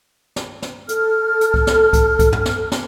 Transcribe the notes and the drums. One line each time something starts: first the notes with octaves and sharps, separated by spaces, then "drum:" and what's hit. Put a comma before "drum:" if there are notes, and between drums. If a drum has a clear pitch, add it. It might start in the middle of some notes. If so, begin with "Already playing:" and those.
drum: snare
drum: snare
A4 F6, drum: hi-hat
drum: hi-hat
drum: kick C#2
drum: snare
drum: kick C#2, hi-hat
drum: kick C#2, hi-hat
drum: tom
drum: snare
drum: snare